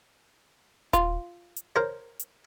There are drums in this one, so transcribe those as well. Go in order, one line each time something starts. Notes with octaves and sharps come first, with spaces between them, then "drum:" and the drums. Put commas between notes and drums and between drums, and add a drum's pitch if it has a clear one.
F4, drum: kick D#1, hi-hat
drum: hi-hat
A#4 C5 C#5
drum: hi-hat